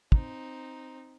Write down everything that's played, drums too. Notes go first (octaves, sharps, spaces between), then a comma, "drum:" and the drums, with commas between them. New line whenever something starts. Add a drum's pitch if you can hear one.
C4 D#4, drum: kick